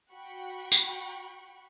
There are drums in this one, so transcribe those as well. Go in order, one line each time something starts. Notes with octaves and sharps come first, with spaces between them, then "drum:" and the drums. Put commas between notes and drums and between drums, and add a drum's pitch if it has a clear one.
F#4 F#5 G5 B5 C#6
drum: tambourine